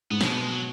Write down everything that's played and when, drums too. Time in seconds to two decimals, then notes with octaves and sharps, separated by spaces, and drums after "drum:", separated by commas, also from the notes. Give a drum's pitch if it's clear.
0.10 G#2 B3
0.21 B2 G#3, drum: snare
0.31 B3
0.41 G#3
0.50 F#3